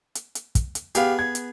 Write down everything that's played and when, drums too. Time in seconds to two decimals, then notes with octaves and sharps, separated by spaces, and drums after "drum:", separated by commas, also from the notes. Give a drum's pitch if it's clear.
0.15 drum: hi-hat
0.35 drum: hi-hat
0.55 drum: kick, hi-hat
0.75 drum: hi-hat
0.95 B3 G4 G#4 F5, drum: hi-hat
1.19 G#6
1.35 drum: hi-hat